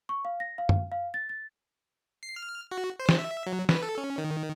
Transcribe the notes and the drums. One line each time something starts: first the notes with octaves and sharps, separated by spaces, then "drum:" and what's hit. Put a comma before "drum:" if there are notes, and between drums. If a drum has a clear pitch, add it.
C#6
F5
A#6
F5
drum: tom F#2
F5
A6
A6
C7
F6
F#4
C5
drum: snare
E5
F#3
B4, drum: snare
A4
C#4
D#3